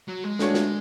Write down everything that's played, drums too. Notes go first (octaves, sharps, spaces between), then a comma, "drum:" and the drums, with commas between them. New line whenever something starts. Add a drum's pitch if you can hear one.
F#3
G#3
A3 D4 F#4 C#5, drum: snare
drum: snare